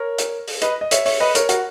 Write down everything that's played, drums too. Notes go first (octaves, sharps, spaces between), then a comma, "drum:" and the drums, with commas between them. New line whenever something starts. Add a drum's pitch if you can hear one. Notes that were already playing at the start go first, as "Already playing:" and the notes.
Already playing: A#4 C#5
drum: hi-hat
drum: open hi-hat
B4 D#5, drum: hi-hat
D#5
C#5 E5, drum: hi-hat
C#5 E5, drum: open hi-hat
B4 D#5
A#4 C#5, drum: hi-hat
F#4 A#4, drum: hi-hat